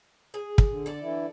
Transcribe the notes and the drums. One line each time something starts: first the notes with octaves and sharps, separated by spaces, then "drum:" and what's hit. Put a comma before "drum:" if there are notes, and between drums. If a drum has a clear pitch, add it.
G#4
drum: kick
D3
A4 D5
D3 E3 E4